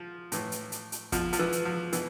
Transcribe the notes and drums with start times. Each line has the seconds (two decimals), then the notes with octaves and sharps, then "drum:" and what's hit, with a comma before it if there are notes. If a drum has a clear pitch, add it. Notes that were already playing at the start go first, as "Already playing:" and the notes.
Already playing: F3
0.32 A2 E3, drum: hi-hat
0.52 drum: hi-hat
0.72 drum: hi-hat
0.92 drum: hi-hat
1.12 B2 F3, drum: kick, hi-hat
1.33 F3, drum: hi-hat
1.39 E3
1.52 drum: hi-hat
1.65 F3
1.93 B2 E3, drum: hi-hat